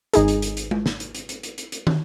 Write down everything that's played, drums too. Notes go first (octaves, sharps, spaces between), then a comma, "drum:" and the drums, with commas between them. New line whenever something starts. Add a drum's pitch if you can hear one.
G#1 D#4 G#4, drum: hi-hat
drum: hi-hat
drum: hi-hat
drum: hi-hat
drum: tom G#3
drum: snare
drum: hi-hat
drum: hi-hat
drum: hi-hat
drum: hi-hat
drum: hi-hat
drum: hi-hat
drum: tom